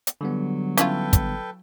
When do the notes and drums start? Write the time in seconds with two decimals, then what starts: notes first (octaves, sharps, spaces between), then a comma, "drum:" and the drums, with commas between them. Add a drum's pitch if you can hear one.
0.07 drum: hi-hat
0.21 D3 F#3 G3 B3
0.77 C#4 E4 F4 A4 B4 G5, drum: hi-hat
1.13 drum: kick, hi-hat